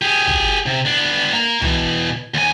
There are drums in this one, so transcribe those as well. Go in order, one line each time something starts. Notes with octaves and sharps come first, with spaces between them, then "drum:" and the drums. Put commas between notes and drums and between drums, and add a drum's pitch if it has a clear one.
G4 G#4
drum: kick
C3
B3 D4
A#3 A#5
B2 E3, drum: tom
D#2 G#5